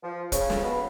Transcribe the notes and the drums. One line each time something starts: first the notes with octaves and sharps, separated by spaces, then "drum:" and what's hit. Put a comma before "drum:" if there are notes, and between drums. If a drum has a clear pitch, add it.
F3
C#3, drum: kick, hi-hat
drum: snare
B2